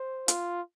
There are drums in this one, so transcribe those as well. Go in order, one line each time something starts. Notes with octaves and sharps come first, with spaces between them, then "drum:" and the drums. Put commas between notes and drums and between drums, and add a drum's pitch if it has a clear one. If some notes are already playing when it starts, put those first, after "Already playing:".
Already playing: C5
F4, drum: hi-hat